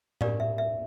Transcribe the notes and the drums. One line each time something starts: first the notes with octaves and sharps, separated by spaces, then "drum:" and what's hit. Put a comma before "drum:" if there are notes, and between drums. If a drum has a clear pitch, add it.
D4 G4 A#4 D5 F5, drum: tom A2
E5
E5